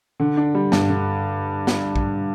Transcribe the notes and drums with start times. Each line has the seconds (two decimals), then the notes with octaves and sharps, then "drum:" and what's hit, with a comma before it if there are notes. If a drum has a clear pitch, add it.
0.20 D3
0.37 D4
0.55 G3
0.72 G2, drum: snare
0.89 D3
1.67 drum: snare
1.96 drum: kick